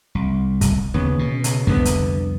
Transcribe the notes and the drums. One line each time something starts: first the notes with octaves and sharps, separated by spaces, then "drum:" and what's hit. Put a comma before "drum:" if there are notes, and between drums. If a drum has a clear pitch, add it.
C2
drum: kick, hi-hat
D#2 C#3 B3
B2
C#3, drum: hi-hat
C2 F2 D3 B3, drum: kick
drum: hi-hat